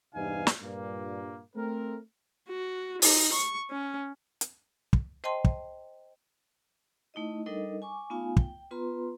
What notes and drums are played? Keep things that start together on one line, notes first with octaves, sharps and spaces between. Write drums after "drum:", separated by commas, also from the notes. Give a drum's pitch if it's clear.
E2 G2 C3 D#4 F5 G#5
drum: snare
G2 A#2 A#3
A3 C4 A#4
F#4
D#4, drum: open hi-hat
C#6
C#4
drum: hi-hat
drum: kick
C5 D#5 G5 A5 C6
drum: kick
A3 D#4 E4 D#5
G3 D4 D#4 A4 A#4 D#5
G#5 C#6 D6
A3 B3 D#4 F4 F5 G#5
G5, drum: kick
B3 F4 B4 A#5 C6